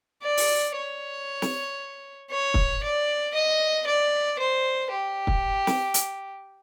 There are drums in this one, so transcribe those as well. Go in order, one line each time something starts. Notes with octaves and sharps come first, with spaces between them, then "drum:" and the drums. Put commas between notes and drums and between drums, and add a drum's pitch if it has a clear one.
D5
drum: open hi-hat
C#5
drum: snare
C#5
drum: kick
D5
D#5
D5
C5
G4
drum: kick
drum: snare
drum: hi-hat